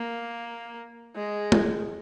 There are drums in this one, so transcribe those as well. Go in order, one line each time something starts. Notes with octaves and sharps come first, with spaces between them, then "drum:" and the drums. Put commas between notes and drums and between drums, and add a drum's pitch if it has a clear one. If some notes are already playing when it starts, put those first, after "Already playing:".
Already playing: A#3
G#3
drum: tom G#3